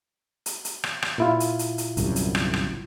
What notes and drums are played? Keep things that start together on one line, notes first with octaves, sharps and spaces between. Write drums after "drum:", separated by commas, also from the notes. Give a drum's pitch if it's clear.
drum: hi-hat
drum: hi-hat
drum: rim click
drum: rim click
A#2 E4 F4
drum: hi-hat
drum: hi-hat
drum: hi-hat
G1 C2 F#2, drum: hi-hat
drum: hi-hat
drum: rim click
drum: rim click